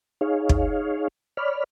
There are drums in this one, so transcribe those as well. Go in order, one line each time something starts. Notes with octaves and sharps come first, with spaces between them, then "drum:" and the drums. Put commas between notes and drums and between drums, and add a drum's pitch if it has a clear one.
D#4 G#4 C#5 F5
drum: kick
C#5 D5 B5 F6